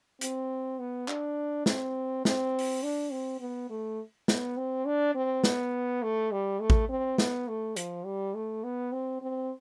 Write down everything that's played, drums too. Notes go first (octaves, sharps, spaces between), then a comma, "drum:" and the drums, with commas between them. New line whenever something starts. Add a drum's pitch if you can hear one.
C4, drum: hi-hat
B3
D4, drum: clap
C4, drum: snare
C4, drum: snare
drum: open hi-hat
D4
C4
B3
A3
B3, drum: snare
C4
D4
C4
B3, drum: snare
A3
G3
A3
drum: kick A1
C4
B3, drum: snare
A3
F3, drum: hi-hat
G3
A3
B3
C4
C4